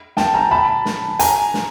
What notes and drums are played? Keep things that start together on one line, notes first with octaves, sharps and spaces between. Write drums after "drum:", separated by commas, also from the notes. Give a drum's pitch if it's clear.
G5 A5, drum: snare
G#5 A#5
A5 B5
drum: snare
G#5 A#5, drum: hi-hat
drum: snare